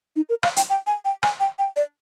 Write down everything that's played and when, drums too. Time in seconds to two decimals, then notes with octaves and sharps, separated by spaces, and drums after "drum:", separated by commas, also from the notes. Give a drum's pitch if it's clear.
0.16 D#4
0.29 A#4
0.43 F5, drum: rim click
0.56 G5, drum: hi-hat
0.70 G5
0.87 G#5
1.05 G5
1.23 G#5, drum: rim click
1.40 G5
1.59 G5
1.76 D5